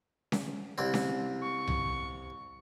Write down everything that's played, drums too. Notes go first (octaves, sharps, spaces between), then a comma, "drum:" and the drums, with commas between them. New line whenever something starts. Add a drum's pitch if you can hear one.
drum: snare C#4
C2 C4
drum: snare C#4
C#6
drum: tom C2